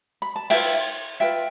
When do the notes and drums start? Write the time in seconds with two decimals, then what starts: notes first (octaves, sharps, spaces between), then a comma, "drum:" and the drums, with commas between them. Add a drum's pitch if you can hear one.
0.22 B5
0.36 A5
0.50 F4 B4 E5 G5, drum: cymbal
1.20 F4 B4 E5 G5